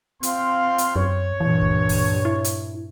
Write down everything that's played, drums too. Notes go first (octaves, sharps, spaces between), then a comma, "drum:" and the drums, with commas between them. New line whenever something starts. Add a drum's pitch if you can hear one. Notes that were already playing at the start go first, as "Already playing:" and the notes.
C4 F4 F5 C6, drum: hi-hat
drum: hi-hat
F#2 C#5
G2 A#2 E3
drum: kick C#2
drum: kick C#2, open hi-hat
E4
drum: hi-hat